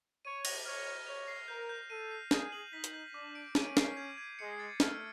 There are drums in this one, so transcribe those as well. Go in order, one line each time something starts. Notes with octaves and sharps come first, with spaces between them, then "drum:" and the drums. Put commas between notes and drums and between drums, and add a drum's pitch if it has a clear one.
C#5 D#7
A#6, drum: cymbal
C#5 F6
F6
C#5 F7
C7
A#4 G6
G6
A4 D#7
C7
G#4 G6, drum: snare
F#7
D#4 B6
drum: hi-hat
G6
D4 D6
D7
C#4 D#7, drum: snare
C7, drum: snare
G#6
G#6
G#3 C#7
A6
A3 F6, drum: snare